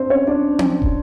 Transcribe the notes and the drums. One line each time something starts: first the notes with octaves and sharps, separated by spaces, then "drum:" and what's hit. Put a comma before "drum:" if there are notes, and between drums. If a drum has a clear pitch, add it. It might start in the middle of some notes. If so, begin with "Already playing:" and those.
Already playing: C4 D4 C5 D5
C#4 C#5
D4 D5
drum: tom C4
drum: kick